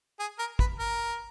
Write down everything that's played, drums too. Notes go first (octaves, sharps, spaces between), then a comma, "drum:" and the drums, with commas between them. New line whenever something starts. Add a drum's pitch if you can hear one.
G#4
A#4
B4, drum: kick
A#4